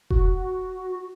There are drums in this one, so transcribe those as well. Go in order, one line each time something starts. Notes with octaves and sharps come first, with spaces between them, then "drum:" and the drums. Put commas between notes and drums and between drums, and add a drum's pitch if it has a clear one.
F#4, drum: kick E1